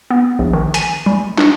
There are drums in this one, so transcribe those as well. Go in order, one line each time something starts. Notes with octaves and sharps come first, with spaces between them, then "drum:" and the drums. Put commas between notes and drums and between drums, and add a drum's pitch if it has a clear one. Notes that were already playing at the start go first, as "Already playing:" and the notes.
B3
A#1
D#3
G#5, drum: hi-hat
G3
D4, drum: clap